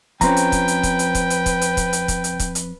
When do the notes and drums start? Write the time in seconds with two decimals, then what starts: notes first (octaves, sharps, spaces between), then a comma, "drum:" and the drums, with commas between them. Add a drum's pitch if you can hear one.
0.21 F2 C4 C#4 B4 G5 A#5, drum: kick, hi-hat
0.37 drum: hi-hat
0.52 drum: kick, hi-hat
0.68 drum: hi-hat
0.83 drum: kick, hi-hat
0.99 drum: hi-hat
1.15 drum: kick, hi-hat
1.30 drum: hi-hat
1.46 drum: kick, hi-hat
1.61 drum: hi-hat
1.77 drum: kick, hi-hat
1.93 drum: hi-hat
2.08 drum: kick, hi-hat
2.24 drum: hi-hat
2.39 drum: kick, hi-hat
2.55 drum: hi-hat